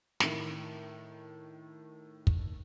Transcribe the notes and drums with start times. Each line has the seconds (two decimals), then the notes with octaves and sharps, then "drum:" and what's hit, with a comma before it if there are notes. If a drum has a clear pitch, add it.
0.20 A2 D#3, drum: snare
2.27 drum: kick